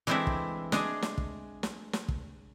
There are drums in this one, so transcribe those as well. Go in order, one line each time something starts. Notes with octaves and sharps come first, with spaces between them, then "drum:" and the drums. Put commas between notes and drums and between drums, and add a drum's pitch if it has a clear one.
E3 G#3 A3 C4 D4 E4
drum: kick
G#3 D4 G#4, drum: snare
drum: snare
drum: kick
drum: snare
drum: snare
drum: kick